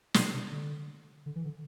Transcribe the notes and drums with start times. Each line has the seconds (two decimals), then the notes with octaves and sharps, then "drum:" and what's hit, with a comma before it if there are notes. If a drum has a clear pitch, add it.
0.14 B2, drum: snare
0.33 C3
0.52 D3
1.26 D3
1.35 E3
1.45 D3